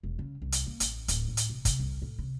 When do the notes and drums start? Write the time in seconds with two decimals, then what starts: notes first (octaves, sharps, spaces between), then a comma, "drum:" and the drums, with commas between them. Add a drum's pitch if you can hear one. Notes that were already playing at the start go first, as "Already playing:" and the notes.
0.03 E1
0.19 C#3
0.42 C2
0.52 drum: hi-hat
0.66 A#3
0.80 A1, drum: hi-hat
1.08 D1, drum: hi-hat
1.28 A2
1.37 drum: hi-hat
1.50 B2
1.65 C3, drum: kick, hi-hat
1.79 C2
2.02 A2
2.18 C3